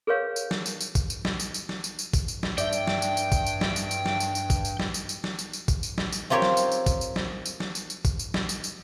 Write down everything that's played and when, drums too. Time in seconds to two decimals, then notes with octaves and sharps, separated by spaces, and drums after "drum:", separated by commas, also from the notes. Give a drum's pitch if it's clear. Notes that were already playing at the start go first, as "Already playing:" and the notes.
0.07 G#4 A#4 B4 C#5 F5
0.36 drum: tambourine
0.51 drum: snare
0.66 drum: tambourine
0.80 drum: tambourine
0.95 drum: kick, tambourine
1.10 drum: tambourine
1.25 drum: snare
1.40 drum: tambourine
1.54 drum: tambourine
1.69 drum: snare
1.84 drum: tambourine
1.99 drum: tambourine
2.13 drum: kick, tambourine
2.28 drum: tambourine
2.43 drum: snare
2.58 G2 D5 E5 G5, drum: tambourine
2.73 drum: tambourine
2.87 drum: snare
3.02 drum: tambourine
3.17 drum: tambourine
3.32 drum: kick, tambourine
3.46 drum: tambourine
3.61 drum: snare
3.76 drum: tambourine
3.91 drum: tambourine
4.06 drum: snare
4.20 drum: tambourine
4.35 drum: tambourine
4.50 drum: kick, tambourine
4.65 drum: tambourine
4.80 drum: snare
4.94 drum: tambourine
5.09 drum: tambourine
5.24 drum: snare
5.39 drum: tambourine
5.53 drum: tambourine
5.68 drum: kick, tambourine
5.83 drum: tambourine
5.98 drum: snare
6.13 drum: tambourine
6.30 C4 F4 G4 A#4 C#5
6.42 drum: snare
6.57 drum: tambourine
6.72 drum: tambourine
6.86 drum: kick, tambourine
7.01 drum: tambourine
7.16 drum: snare
7.46 drum: tambourine
7.60 drum: snare
7.75 drum: tambourine
7.90 drum: tambourine
8.05 drum: kick, tambourine
8.19 drum: tambourine
8.34 drum: snare
8.49 drum: tambourine
8.64 drum: tambourine